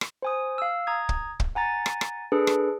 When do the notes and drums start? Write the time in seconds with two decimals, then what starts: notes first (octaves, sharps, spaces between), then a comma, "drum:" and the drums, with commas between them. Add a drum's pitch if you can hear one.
0.01 drum: rim click
0.22 C5 G#5 D#6
0.58 F5 E6
0.87 A#5 D#6 G#6
1.09 drum: kick
1.40 drum: kick
1.55 F#5 G#5 A#5 A6
1.86 drum: rim click
2.01 drum: rim click
2.32 D4 G#4 A4 B4
2.47 drum: rim click